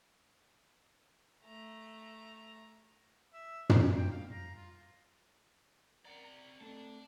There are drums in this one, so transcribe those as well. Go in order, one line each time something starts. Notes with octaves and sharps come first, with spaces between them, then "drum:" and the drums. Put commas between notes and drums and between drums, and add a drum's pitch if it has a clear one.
A3 A#5
E5
C5, drum: tom
G5
F5
A#5
F4
C4 A#4 D5 F#5 A#5
A#5
A3 C4 A4 D5 A5